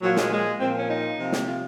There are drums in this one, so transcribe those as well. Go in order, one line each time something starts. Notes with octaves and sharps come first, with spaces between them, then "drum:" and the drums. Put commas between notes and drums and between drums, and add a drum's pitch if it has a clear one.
A#2 F3 F#3
G#3, drum: snare
G#3
A#2 F3 C4
C#4
D#4
C3 F3
drum: snare
F4